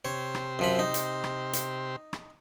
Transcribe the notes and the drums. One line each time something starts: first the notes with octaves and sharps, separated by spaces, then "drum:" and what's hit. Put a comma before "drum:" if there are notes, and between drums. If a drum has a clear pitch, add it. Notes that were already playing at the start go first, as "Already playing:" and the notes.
C3 G4 C5 C#5
drum: rim click
F#2 F3 B5
D#4
drum: hi-hat
drum: rim click
drum: hi-hat
drum: rim click